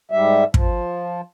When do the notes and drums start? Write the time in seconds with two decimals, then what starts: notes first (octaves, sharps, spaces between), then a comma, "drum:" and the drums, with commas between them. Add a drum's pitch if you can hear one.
0.12 G#2 G3 E5
0.54 F3, drum: kick